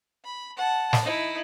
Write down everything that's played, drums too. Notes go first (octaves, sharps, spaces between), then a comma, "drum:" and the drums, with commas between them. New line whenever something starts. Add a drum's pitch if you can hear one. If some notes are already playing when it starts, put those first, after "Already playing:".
B5
F#5 A5
drum: snare
D#4 E4